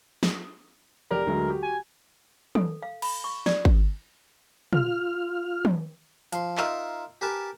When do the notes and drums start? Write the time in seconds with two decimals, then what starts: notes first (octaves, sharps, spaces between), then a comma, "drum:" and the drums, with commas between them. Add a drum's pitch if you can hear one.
0.23 drum: snare
1.11 F1 G4 A#4 D5
1.27 D2 F#3 G#3
1.48 F#4 G4
1.63 G#5
2.55 A4, drum: tom
2.83 F5
3.02 B5, drum: cymbal
3.24 C#6
3.46 D5, drum: snare
3.65 drum: kick G#1
4.73 F4 F6, drum: tom
5.65 drum: tom
6.33 F3 C6, drum: hi-hat
6.58 D#4 F4 A#4 E5 C6, drum: clap
7.21 G4 A#4 B4 G#5 A5